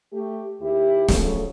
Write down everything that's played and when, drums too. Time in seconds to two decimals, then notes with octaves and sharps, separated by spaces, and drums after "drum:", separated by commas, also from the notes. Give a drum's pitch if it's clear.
0.13 A3 G4
0.60 D#2 E4 G4
1.08 F2 C#3 F#3 A3, drum: snare